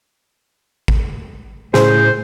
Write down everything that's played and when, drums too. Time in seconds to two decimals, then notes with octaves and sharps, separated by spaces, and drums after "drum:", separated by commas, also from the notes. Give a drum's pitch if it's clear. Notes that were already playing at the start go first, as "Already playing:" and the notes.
0.88 drum: kick G#1
1.74 A2 C#3 G#4 C5, drum: snare